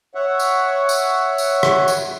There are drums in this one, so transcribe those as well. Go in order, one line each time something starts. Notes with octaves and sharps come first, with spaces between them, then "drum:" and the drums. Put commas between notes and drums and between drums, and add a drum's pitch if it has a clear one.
C#5 E5 F#5
drum: tambourine
drum: tambourine
drum: tambourine
drum: rim click
drum: tambourine